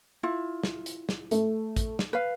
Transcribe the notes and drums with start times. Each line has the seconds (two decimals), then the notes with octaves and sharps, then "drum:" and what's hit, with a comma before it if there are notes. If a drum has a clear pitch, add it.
0.23 E4 F4
0.63 drum: snare
0.86 drum: hi-hat
1.09 drum: snare
1.31 A3, drum: hi-hat
1.76 drum: kick, hi-hat
1.99 drum: snare
2.13 B4 F5